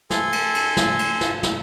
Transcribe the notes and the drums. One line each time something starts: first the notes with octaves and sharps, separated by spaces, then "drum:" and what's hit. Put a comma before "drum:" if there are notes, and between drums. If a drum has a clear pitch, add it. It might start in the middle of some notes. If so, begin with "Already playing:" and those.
A4 G#5 C6, drum: snare
drum: cymbal
drum: cymbal
drum: snare
drum: cymbal
drum: snare
drum: snare